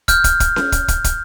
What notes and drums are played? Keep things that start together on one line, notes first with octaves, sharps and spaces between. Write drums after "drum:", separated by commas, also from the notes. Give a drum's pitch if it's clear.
F6 G6, drum: kick, hi-hat
drum: kick, hi-hat
drum: kick, hi-hat
drum: snare C#4
drum: kick, hi-hat
drum: kick, hi-hat
drum: kick, hi-hat